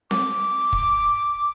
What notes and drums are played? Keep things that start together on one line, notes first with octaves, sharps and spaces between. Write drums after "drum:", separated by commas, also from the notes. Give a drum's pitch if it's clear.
D6, drum: snare C4
drum: kick